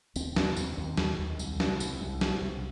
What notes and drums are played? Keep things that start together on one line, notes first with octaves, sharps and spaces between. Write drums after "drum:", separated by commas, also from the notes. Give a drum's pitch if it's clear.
D#2 C4, drum: tambourine
D#2 C4, drum: snare
D#2 C4, drum: tambourine
D#2 D#3
D#2, drum: snare
D#2
C2, drum: tambourine
C3, drum: snare
C2, drum: tambourine
C2
C3, drum: snare
C2